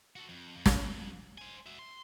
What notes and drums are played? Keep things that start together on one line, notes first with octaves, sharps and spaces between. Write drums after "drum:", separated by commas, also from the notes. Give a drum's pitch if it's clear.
F#4 A4
F2
F2
drum: snare
C5 G#5
F#4 E5
C6